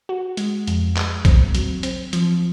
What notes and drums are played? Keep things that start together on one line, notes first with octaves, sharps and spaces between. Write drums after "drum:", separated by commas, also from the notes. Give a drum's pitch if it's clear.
F#4
G#3, drum: hi-hat
F2, drum: hi-hat
G#3, drum: clap
C4, drum: kick, hi-hat
F#3, drum: hi-hat
C4, drum: hi-hat
F3, drum: hi-hat